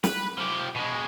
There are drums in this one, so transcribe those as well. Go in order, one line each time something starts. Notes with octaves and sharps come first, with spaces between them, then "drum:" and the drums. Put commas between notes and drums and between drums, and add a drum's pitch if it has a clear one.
B4, drum: snare
F3 G4
B2 G#3